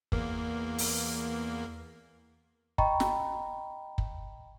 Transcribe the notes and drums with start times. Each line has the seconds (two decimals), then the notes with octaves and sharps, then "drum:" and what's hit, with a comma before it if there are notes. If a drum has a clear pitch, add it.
0.12 E2 A#3, drum: kick
0.78 drum: open hi-hat
2.78 D#5 G5 A#5 B5 C#6, drum: kick
3.00 drum: snare
3.98 drum: kick